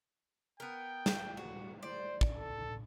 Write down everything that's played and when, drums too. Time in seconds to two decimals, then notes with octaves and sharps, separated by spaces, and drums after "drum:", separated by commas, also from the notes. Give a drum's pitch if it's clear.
0.60 B3 A#4 G5
1.06 drum: snare
1.37 F#4
1.83 C5 D5
2.21 drum: kick
2.37 A4